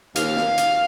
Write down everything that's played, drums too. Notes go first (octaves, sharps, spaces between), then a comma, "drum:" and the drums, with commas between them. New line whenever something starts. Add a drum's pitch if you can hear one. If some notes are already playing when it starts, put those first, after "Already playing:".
D#2 F5, drum: hi-hat
drum: snare
drum: hi-hat